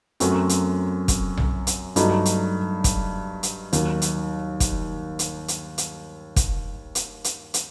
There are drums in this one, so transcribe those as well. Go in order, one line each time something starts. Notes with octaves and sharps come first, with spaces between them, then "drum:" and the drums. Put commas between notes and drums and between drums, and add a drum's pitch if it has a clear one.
F#2 F#3 A3 C4 F#4, drum: hi-hat
drum: hi-hat
drum: kick, hi-hat
drum: tom B1
drum: hi-hat
G2 F#3 A3 D#4 F#4, drum: hi-hat
drum: hi-hat
drum: kick, hi-hat
drum: hi-hat
D#2 D#3 F#3, drum: hi-hat
drum: hi-hat
drum: kick, hi-hat
drum: hi-hat
drum: hi-hat
drum: hi-hat
drum: kick, hi-hat
drum: hi-hat
drum: hi-hat
drum: hi-hat